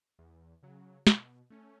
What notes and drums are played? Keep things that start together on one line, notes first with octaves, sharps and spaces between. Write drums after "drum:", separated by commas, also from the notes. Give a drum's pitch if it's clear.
E2
C#3 F#3
B2, drum: snare
A3 C#4